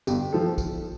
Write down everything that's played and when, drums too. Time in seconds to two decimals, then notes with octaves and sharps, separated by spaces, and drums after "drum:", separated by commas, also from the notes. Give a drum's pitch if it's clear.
0.07 G1 G4, drum: tambourine
0.32 F3 A4
0.58 drum: kick B1, tambourine